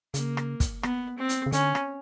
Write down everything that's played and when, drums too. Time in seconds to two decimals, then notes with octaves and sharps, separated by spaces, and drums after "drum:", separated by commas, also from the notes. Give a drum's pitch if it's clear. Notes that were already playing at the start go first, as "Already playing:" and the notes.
0.14 C#3 A#3, drum: hi-hat
0.37 drum: rim click
0.60 drum: kick, hi-hat
0.83 B3, drum: rim click
1.18 C4
1.29 drum: hi-hat
1.46 C#3
1.52 D3 C#4, drum: hi-hat
1.75 drum: rim click